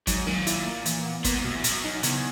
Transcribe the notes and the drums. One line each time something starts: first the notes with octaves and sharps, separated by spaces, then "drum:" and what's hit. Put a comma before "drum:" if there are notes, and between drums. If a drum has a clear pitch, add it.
G#2 F#3, drum: kick, hi-hat
A#2 D#3
E4, drum: hi-hat
A#3
E3, drum: hi-hat
B3
A#2 B3, drum: kick, hi-hat
G#2
F#2 B2
E2
F#2 B2, drum: hi-hat
F#2 D#4
E2 C#3, drum: hi-hat